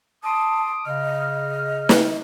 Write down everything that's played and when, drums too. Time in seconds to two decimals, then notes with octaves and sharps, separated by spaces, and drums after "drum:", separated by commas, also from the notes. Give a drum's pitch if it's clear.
0.24 A5 C6 D6 D#6
0.86 C#3 D#5 F6
1.89 drum: snare